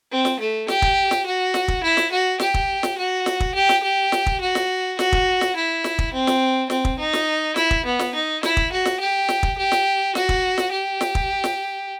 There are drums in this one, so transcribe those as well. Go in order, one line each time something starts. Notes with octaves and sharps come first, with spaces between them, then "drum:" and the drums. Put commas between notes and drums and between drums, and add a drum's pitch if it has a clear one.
C4
drum: snare
A3
G4, drum: snare
drum: kick
drum: snare
F#4
drum: snare
drum: kick
E4
drum: snare
F#4
G4, drum: snare
drum: kick
drum: snare
F#4
drum: snare
drum: kick
G4
drum: snare
G4
drum: snare
drum: kick
F#4
drum: snare
F#4, drum: snare
drum: kick
drum: snare
E4
drum: snare
drum: kick
C4
drum: snare
C4, drum: snare
drum: kick
D#4
drum: snare
E4, drum: snare
drum: kick
B3
drum: snare
D#4
E4, drum: snare
drum: kick
F#4
drum: snare
G4
drum: snare
drum: kick
G4
drum: snare
F#4, drum: snare
drum: kick
drum: snare
G4
drum: snare
drum: kick
drum: snare